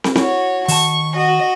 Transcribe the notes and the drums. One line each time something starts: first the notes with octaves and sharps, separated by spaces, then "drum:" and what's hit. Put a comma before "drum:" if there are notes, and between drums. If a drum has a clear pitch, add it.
drum: snare
E4 F#4 C#5, drum: snare
D#3 A5 C#6, drum: open hi-hat
F#4 D#5